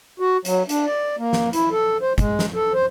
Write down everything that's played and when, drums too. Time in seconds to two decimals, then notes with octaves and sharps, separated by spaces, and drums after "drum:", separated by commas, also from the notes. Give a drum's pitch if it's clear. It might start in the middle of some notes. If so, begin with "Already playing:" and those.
0.20 F#4
0.45 F#3, drum: hi-hat
0.69 D4, drum: hi-hat
0.85 D5
1.19 A#3
1.33 drum: snare
1.53 E4, drum: hi-hat
1.71 A4
2.02 C5
2.18 G#3, drum: kick, hi-hat
2.39 drum: snare
2.55 A4
2.73 C5